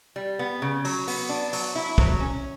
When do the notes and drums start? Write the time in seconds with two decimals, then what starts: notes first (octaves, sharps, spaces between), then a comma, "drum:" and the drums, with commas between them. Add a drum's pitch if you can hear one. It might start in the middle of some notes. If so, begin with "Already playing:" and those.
0.16 G3
0.39 B3
0.62 C#3
0.85 F#3, drum: open hi-hat
1.08 B3, drum: open hi-hat
1.29 D4
1.53 F#3, drum: open hi-hat
1.75 E4
1.98 F#3, drum: kick
2.20 C#4